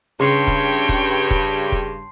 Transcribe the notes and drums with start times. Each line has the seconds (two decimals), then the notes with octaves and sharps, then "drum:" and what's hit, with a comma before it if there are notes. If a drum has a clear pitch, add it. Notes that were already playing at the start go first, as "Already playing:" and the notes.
0.20 G2 C#3 C#5 G5 A5 C6 C7
0.47 drum: kick
0.89 drum: kick
1.31 drum: kick
1.72 drum: kick